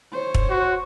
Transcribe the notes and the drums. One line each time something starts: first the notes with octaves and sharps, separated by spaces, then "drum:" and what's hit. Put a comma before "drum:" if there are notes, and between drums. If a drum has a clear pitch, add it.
C5 C#5
drum: kick
F#4